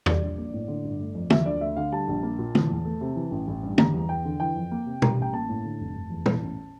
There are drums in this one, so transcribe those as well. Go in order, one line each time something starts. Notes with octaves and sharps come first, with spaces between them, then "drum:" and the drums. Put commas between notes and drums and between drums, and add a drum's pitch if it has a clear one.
G3 D5, drum: tom E2
A#1
A#3
A2
D3
G1
A3
F2
F3 E5, drum: tom
D2 D5
A3 E5
D3 F5
G3 A5
A#1
A#3
A#2
E3, drum: tom
E2
A3
C3
E3
A1
A1
G2
G3 A#5, drum: tom
E2
E2 G5
D3
E3 G5
F2
A#3
C3
G3 A#5, drum: tom B2
A1 G5
A#3 A5
A2
D3
F1
F1
E2
E3, drum: tom
A1